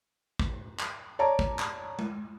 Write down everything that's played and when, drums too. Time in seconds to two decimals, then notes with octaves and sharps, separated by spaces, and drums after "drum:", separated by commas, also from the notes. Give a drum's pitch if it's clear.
0.39 drum: kick
0.79 drum: clap
1.19 C#5 D5 A5 A#5
1.39 drum: kick
1.59 drum: clap
1.99 drum: tom G#3